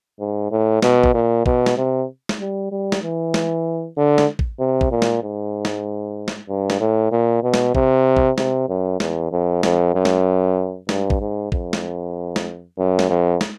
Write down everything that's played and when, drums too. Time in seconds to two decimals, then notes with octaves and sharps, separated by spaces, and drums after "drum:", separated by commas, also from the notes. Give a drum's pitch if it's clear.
0.20 G#2
0.51 A2
0.82 B2, drum: snare
1.03 drum: kick A1
1.14 A#2
1.46 B2, drum: kick A1
1.66 drum: snare
1.77 C3
2.29 drum: snare
2.40 G3
2.72 G3
2.92 drum: snare
3.03 E3
3.34 drum: snare
3.97 D3
4.18 drum: snare
4.39 drum: kick A1
4.60 C3
4.81 drum: kick A1
4.91 A#2
5.02 drum: snare
5.23 G#2
5.65 drum: snare
6.28 drum: snare
6.49 G2
6.70 drum: snare
6.80 A2
7.12 A#2
7.43 B2
7.54 drum: snare
7.75 C3, drum: kick A1
8.17 drum: kick A1
8.38 C3, drum: snare
8.69 F#2
9.00 E2, drum: snare
9.32 F2
9.63 F2, drum: snare
9.95 F#2
10.05 drum: snare
10.89 G2, drum: snare
11.10 drum: kick A1
11.21 G#2
11.52 F2, drum: kick A1
11.73 drum: snare
12.36 drum: snare
12.78 F#2
12.99 drum: snare
13.09 F2
13.41 drum: snare